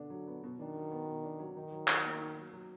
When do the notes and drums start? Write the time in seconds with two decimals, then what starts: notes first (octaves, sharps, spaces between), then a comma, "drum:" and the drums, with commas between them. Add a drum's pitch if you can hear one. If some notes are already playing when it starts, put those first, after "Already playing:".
Already playing: B2 D3 D4
0.10 F#3
0.27 B3
0.44 B2
0.59 D#3 D4
0.76 F#3
0.92 B3
1.08 B2
1.24 D4
1.39 F#3
1.57 D#3 D#4
1.72 F#3
1.88 F#3, drum: clap
2.05 A#3
2.20 D#4
2.37 F#3
2.53 F#3